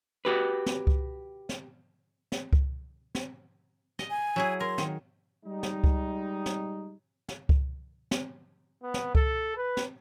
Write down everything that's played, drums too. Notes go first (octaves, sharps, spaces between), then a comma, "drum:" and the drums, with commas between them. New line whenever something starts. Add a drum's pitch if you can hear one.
F#4 G4 B4
drum: snare
drum: kick C#2
drum: snare
drum: snare
drum: kick C#2
drum: snare
D#5, drum: snare
G#5
F#3 E4 G#4
A#4 C6
D#3, drum: snare
G3 G#3 D#4
drum: snare
drum: kick C#2
drum: snare
drum: snare
drum: kick C#2
drum: snare
B3
drum: snare
A4, drum: kick C#2
B4
drum: snare